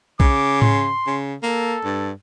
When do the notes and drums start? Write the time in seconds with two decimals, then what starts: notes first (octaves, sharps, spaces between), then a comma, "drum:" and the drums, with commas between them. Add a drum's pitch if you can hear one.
0.20 C#3 D6, drum: kick B1
0.62 C6, drum: tom G#2
1.07 C#3
1.43 A#3 A4
1.85 G2